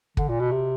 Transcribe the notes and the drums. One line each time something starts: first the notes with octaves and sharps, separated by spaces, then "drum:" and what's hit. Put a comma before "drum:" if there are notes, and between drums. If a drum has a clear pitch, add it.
D3, drum: kick
A#2
B2
C3